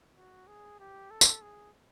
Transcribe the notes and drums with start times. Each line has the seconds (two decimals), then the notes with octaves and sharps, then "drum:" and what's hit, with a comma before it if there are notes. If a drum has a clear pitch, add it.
0.17 F#4
0.48 G#4
0.80 G4
1.11 A4
1.21 drum: tambourine
1.42 G#4